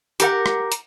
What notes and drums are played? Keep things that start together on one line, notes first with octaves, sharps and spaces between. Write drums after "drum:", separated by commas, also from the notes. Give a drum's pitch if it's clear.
G4 A#4 F#5, drum: hi-hat
drum: rim click
drum: hi-hat